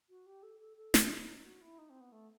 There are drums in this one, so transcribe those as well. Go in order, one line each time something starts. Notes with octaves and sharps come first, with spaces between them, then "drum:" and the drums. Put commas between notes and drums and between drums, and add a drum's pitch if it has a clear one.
F#4
G4
A4
A4
A4
G4, drum: snare
E4
D#4
F#4
E4
D#4
C4
B3
A3